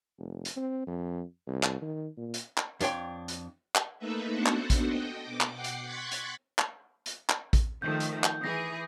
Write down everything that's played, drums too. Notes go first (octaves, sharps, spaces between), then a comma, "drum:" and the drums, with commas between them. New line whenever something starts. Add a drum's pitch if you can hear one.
F1
drum: hi-hat
C4
F2
C2
drum: clap
D#3
A#2
drum: hi-hat
drum: clap
F2 D4 C#5 G5 C6, drum: hi-hat
drum: hi-hat
drum: clap
A3 A#3 D#4 A4 B4 E5
B3 D4 F#4 A4 C5 F#5
drum: clap
drum: kick A1, hi-hat
D#5 G5
B2 D6
drum: clap
F#5 G5 D6 C7
drum: hi-hat
C6 C#6 F#6 G#6 A6 B6
drum: hi-hat
drum: clap
drum: hi-hat
drum: clap
drum: kick A1, hi-hat
D#3 F3 A3 G6
drum: hi-hat
drum: clap
E3 G#4 D#6 A#6